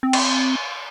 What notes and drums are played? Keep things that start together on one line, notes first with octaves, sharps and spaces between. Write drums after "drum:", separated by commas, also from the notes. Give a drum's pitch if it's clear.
C4
drum: cymbal